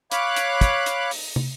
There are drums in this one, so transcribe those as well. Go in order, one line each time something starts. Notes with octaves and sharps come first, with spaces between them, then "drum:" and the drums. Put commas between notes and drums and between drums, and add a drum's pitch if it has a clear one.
C#5 F5 B5 D6 F#6, drum: hi-hat
drum: hi-hat
drum: kick, hi-hat
drum: hi-hat
drum: open hi-hat
drum: tom